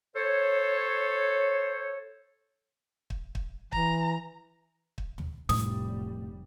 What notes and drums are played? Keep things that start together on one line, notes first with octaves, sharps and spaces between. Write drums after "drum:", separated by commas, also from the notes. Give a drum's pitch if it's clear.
A4 C5 C#5
drum: kick
drum: kick
E3 A#5, drum: kick
drum: kick
drum: tom
F1 A2 G3 D#6, drum: snare